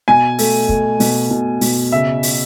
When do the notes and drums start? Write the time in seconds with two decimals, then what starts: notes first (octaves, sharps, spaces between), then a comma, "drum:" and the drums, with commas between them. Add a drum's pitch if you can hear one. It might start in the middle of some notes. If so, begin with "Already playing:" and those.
0.08 B2 G#5
0.38 A3, drum: open hi-hat
0.69 A3, drum: kick
1.00 B2, drum: open hi-hat
1.30 B2
1.61 B2, drum: open hi-hat
1.92 C#3 E5
2.23 drum: open hi-hat